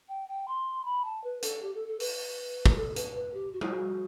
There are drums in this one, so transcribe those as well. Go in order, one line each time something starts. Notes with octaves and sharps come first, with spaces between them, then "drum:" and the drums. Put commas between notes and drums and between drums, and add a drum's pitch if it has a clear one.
G5
G5
C6
B5
A5
B4
A4, drum: hi-hat
G4
A4
A4
B4, drum: open hi-hat
drum: kick
A4
B4, drum: hi-hat
B4
G4
F#4
E4, drum: tom G3
F#4